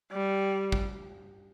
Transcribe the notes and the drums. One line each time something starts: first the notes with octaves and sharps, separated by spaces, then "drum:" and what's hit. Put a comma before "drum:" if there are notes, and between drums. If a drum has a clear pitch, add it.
G3
drum: kick G#1